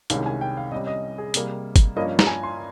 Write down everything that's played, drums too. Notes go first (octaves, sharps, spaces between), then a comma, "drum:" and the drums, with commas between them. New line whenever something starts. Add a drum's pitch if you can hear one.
C2 C3 D#3 G#3 C#4 F5, drum: hi-hat
G#5
G5
F5
C3 G3 C#4 D#5
D#5
G#4
C3 G3 A#3, drum: hi-hat
drum: kick G1, hi-hat
G2 F3 A#3 C#4 D#5
A#5, drum: snare
G#5
C6